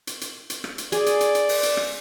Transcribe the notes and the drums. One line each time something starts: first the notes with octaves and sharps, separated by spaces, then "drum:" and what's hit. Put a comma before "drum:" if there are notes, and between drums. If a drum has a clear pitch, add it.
drum: hi-hat
drum: hi-hat
drum: hi-hat
drum: rim click
drum: hi-hat
G#4 D5, drum: hi-hat
drum: hi-hat
drum: hi-hat
drum: hi-hat
drum: open hi-hat
drum: hi-hat
drum: rim click